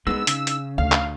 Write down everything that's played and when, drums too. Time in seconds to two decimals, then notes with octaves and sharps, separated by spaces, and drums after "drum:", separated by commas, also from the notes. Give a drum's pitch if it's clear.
0.07 G#3 B3 D4 D#4 E6
0.27 C#3, drum: hi-hat
0.47 drum: hi-hat
0.78 D2 F5
0.92 drum: clap